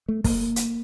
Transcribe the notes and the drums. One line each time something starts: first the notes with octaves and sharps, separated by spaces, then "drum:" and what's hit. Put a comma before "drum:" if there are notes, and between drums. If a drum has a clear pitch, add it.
A3
A#3, drum: kick, open hi-hat
drum: hi-hat